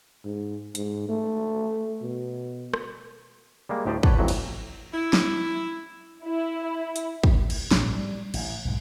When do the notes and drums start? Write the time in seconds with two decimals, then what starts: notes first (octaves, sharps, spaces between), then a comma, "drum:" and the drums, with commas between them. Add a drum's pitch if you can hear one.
0.25 G#2
0.75 G#2, drum: hi-hat
1.09 A3
2.02 B2
2.74 drum: rim click
3.69 G3 G#3 A#3
3.86 D2 A2 G4 C5 D5 D#5
4.03 G4 B4 C#5 D5 F#5 A5, drum: kick
4.19 F2 A2 E3 F#3
4.28 drum: cymbal
4.93 E4
5.13 drum: snare
6.24 E4
6.96 drum: hi-hat
7.23 drum: kick
7.50 drum: cymbal
7.71 A#1 G#2, drum: snare
7.95 G3
8.34 A1, drum: cymbal
8.65 B1 G#2